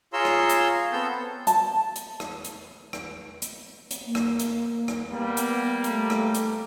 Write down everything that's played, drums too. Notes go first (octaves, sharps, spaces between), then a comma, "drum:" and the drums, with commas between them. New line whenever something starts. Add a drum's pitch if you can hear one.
F4 G#4 C#5 A#5 C6 E6
drum: rim click
drum: hi-hat
B3 C4 A4 E6 G6
A5, drum: hi-hat
drum: hi-hat
drum: rim click
drum: hi-hat
drum: rim click
drum: hi-hat
drum: hi-hat
A#3
drum: rim click
drum: hi-hat
drum: rim click
G3 A#3 B3
drum: hi-hat
A3, drum: hi-hat
drum: rim click
drum: hi-hat